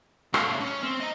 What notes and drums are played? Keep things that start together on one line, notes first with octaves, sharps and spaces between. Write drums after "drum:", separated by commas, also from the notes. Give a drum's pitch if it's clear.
A3 F5, drum: rim click
C#3 A3
C#4
C4
D#5 A#5